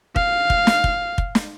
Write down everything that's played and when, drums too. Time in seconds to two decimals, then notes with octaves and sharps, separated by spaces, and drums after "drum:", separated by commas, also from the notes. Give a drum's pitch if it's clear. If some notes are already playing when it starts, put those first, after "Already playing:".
0.16 F5, drum: kick
0.50 drum: kick
0.67 drum: snare
0.84 drum: kick
1.18 drum: kick
1.35 drum: snare